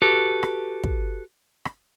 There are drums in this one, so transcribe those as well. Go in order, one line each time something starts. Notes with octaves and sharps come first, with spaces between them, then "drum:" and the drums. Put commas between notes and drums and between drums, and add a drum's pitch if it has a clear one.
F#4 G4 A4 B4
drum: rim click
drum: kick
drum: rim click